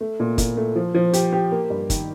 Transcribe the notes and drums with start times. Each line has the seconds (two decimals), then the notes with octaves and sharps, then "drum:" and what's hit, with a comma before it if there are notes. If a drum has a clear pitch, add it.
0.01 A3
0.20 A#2
0.38 A#2, drum: kick, hi-hat
0.57 A3
0.76 F3
0.95 F3
1.13 G4, drum: hi-hat
1.33 G4
1.52 A#3
1.70 G2
1.90 D#3, drum: kick, hi-hat